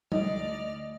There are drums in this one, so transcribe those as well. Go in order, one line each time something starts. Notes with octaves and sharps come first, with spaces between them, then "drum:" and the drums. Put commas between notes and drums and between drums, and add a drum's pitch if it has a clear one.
D2 D5 D#5 F6, drum: tom G3